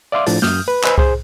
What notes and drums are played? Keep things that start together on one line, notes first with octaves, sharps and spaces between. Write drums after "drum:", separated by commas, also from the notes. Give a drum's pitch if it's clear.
D5 E5 F5 C6 D6
A2 F3 D4 A6, drum: open hi-hat
F#2 D#6 F6 G6, drum: snare
B4
B4 C5 D#5 G#5 E6, drum: clap
G#4 C5, drum: kick C2